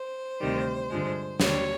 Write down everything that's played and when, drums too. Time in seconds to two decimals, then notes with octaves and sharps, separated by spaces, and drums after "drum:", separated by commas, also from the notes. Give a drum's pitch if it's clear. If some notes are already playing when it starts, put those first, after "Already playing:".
Already playing: C5
0.41 D2 C3 D#3 G3
0.90 G2 D3 F3 G#3
1.40 D#2 D3 G3 C#5, drum: snare